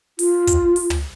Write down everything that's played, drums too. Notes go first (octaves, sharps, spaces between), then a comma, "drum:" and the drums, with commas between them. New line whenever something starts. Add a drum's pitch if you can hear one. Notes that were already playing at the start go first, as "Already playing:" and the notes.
F4, drum: open hi-hat
drum: kick, hi-hat
drum: open hi-hat
drum: tom